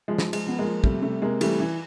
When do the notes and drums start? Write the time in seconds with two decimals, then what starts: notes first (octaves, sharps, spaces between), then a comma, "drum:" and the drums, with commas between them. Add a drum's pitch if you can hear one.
0.08 F3 G#3
0.18 drum: snare
0.28 F3
0.33 G#3, drum: cymbal
0.47 F3 B3
0.59 G#3 A#3
0.65 F3
0.84 C3 G3 A3, drum: kick
1.02 C3 G3 A3
1.22 C3 G#3 A#3
1.41 E3 G3 A3, drum: cymbal
1.60 E3